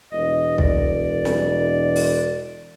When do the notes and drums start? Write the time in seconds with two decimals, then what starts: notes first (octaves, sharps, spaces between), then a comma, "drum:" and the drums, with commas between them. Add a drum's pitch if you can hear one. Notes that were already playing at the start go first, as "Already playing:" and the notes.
0.12 E1 D#5
0.58 D5, drum: kick B1
1.25 drum: snare
1.96 drum: open hi-hat